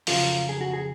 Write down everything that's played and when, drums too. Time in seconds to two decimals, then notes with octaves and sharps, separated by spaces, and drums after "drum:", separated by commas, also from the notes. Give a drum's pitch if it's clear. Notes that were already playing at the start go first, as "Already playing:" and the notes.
0.07 F2 C#3 F#3 F4, drum: open hi-hat
0.49 G#4
0.61 F#4
0.73 G#4